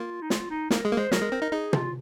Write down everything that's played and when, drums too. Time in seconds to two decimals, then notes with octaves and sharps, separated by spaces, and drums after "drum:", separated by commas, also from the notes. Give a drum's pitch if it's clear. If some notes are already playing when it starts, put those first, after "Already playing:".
Already playing: A#3 F4
0.22 D#4
0.30 F4, drum: snare
0.50 D#4
0.70 A#3 D#4, drum: snare
0.79 A#4
0.85 G#3 G#4
0.92 A#3
0.98 G#3 C5
1.12 F#3 A#4, drum: snare
1.22 G#3
1.32 C4
1.42 D#4
1.52 D#4 G#4
1.73 F4, drum: tom